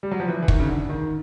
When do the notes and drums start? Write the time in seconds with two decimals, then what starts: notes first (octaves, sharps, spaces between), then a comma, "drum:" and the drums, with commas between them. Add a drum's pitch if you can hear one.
0.03 G3
0.11 F#3
0.20 F3
0.28 E3
0.43 E3
0.48 D#3, drum: kick
0.60 C#3
0.69 D3
0.89 D#3